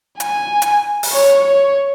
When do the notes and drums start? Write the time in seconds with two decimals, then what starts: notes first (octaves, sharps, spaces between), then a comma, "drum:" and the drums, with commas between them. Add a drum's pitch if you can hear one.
0.20 G#5, drum: hi-hat
0.62 drum: hi-hat
1.03 drum: open hi-hat
1.13 C#5
1.45 C#5